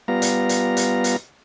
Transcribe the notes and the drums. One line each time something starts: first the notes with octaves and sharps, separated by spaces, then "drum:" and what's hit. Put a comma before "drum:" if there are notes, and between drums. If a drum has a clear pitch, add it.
G3 B3 F4 A#5
drum: hi-hat
drum: hi-hat
drum: hi-hat
drum: hi-hat